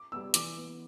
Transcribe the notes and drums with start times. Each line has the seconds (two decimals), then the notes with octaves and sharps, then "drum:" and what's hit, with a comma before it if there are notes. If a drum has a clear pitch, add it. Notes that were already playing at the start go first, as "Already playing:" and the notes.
Already playing: D6
0.12 G3 B3 E6
0.34 E3 D6, drum: hi-hat
0.57 B3